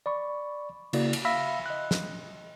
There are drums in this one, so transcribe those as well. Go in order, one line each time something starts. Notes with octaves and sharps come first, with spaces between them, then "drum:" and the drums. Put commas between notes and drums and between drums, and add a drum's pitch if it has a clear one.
D5 B5 C#6
C#3 A#3 E4 F#4 D5, drum: cymbal
drum: cymbal
E5 F5 B5 E6 A#6 B6
D#5 F#6
drum: snare